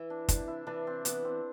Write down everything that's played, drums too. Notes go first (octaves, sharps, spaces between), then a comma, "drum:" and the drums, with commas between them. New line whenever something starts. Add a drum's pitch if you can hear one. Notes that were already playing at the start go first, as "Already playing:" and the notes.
Already playing: E3 E4
D4
C3 D4, drum: kick, hi-hat
E4
E3 D4
C4
E3 B3, drum: hi-hat
C4